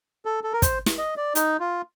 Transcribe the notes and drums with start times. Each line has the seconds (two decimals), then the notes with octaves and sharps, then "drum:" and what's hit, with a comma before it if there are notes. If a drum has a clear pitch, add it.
0.25 A4
0.44 A4
0.53 A#4
0.62 C5, drum: kick, hi-hat
0.86 drum: snare
0.98 D#5
1.17 D5
1.35 D#4, drum: hi-hat
1.60 F4